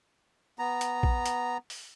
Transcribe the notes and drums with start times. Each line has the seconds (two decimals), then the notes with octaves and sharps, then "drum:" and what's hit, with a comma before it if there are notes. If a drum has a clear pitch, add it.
0.59 B3 A#5
0.81 drum: hi-hat
1.03 drum: kick
1.26 drum: hi-hat
1.70 drum: open hi-hat